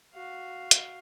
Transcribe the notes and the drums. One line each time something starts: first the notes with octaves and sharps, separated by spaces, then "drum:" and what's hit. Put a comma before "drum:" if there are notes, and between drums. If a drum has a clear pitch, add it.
F#4 F5
drum: hi-hat